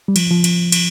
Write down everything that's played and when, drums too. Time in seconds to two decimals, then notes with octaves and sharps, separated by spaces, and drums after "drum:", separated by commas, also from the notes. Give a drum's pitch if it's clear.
0.08 G3
0.16 F3, drum: cymbal
0.31 F3
0.44 drum: cymbal
0.72 drum: cymbal